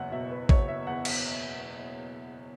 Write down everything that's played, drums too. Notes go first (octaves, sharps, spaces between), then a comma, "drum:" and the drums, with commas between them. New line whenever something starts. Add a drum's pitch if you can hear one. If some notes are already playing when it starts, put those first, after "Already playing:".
Already playing: F#1 E2 C#5 E5 F#5
B2 E5
B4
F#1 C#5, drum: kick A1
E5
E2 F#5
drum: cymbal